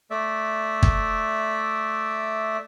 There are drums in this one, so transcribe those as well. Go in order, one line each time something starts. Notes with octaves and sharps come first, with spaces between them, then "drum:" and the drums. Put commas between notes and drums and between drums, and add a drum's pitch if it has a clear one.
A3 D5 E5
drum: kick